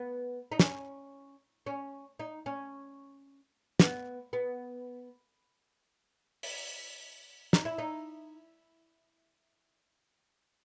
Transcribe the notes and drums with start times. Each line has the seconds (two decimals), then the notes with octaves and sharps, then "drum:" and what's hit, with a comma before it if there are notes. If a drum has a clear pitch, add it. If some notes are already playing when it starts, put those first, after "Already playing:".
Already playing: B3
0.52 D#4
0.59 C#4, drum: snare
1.66 C#4
2.20 D#4
2.46 C#4
3.80 B3, drum: snare
4.33 B3
6.43 drum: open hi-hat
7.53 D#4, drum: snare
7.65 E4
7.78 D#4